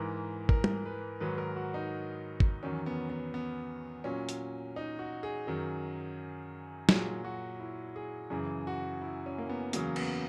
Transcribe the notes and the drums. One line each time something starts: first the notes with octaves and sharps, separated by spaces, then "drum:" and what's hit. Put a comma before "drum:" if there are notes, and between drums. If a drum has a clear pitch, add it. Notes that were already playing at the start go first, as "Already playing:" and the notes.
Already playing: G#2 E3 A#4
A#4, drum: kick G#1
drum: tom
B4
G#2 D#3 F#3 B4
A#4
F#4
D#4
drum: kick G#1
E2 D#3 F#3 C#4
B3
B3
B3
A#2 F#3 C#4
drum: hi-hat
D#4
F#4
G#4
F#2 D#3 F#3
A#2 F#3 G#4, drum: snare
F#4
E4
G#4
F#2 C#3 E3 G#4
F#4
E4
C#4
A#3
B3
E2 C#3 F#3 A#3, drum: hi-hat
B3, drum: cymbal